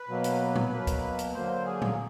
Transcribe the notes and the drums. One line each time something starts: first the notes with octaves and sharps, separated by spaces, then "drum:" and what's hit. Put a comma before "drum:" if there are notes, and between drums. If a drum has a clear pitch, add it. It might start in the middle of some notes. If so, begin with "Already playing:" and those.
Already playing: B4
B2 F#3 A#3
drum: hi-hat
drum: tom A2
B2 F#3 A#3
drum: kick, hi-hat
drum: hi-hat
D3 F#3 A#3 C5
G#4
drum: tom A2